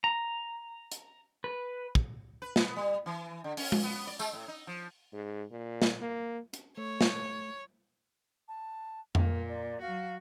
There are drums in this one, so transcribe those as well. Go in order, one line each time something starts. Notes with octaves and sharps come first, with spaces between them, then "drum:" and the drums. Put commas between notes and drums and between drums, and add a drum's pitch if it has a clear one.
A#5
drum: hi-hat
B4
drum: kick
B4
B3, drum: snare
G3
E3
D3
C#4, drum: open hi-hat
drum: tom G#3
B3
D5
G#3, drum: tambourine
A2
D#4
F3
G#2
A#2
drum: snare
A#3
drum: hi-hat
A3 C#5
drum: snare
A5
A#2 A#3, drum: tom F2
D5
F#3 F#4 F5